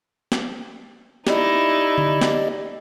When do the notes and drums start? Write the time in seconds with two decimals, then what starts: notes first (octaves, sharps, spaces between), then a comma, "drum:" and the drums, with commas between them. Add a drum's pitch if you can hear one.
0.32 drum: snare
1.27 D#4 E4 G4 D5 D#5, drum: snare
1.98 drum: tom D3
2.21 drum: snare